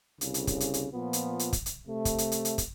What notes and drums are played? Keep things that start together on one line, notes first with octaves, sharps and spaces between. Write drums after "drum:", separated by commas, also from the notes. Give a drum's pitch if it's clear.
C2 C#3, drum: hi-hat
drum: hi-hat
drum: kick, hi-hat
drum: hi-hat
drum: hi-hat
A#2 F3 B3
drum: hi-hat
drum: hi-hat
drum: kick, hi-hat
drum: hi-hat
C3 A3
drum: kick, hi-hat
drum: hi-hat
drum: hi-hat
drum: hi-hat
drum: kick, hi-hat